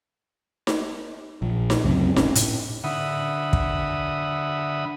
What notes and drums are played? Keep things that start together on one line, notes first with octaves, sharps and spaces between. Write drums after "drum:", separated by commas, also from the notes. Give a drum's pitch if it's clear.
drum: snare D#4
A#1
drum: snare D#4
C#2 F#2 A2 C3
D1 G#1 C3 C#4, drum: snare D#4
A2, drum: hi-hat
D3 E5 F#5 B5 D#6
drum: kick